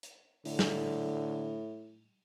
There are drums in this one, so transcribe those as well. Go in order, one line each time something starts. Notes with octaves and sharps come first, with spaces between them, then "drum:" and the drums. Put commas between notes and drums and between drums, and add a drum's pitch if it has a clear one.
drum: hi-hat
A2 D3, drum: open hi-hat
drum: snare